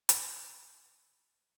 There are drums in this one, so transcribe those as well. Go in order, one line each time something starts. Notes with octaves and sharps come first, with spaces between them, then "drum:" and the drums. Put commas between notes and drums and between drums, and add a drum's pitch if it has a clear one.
drum: hi-hat
F#5 G#5 A5 C6 C#6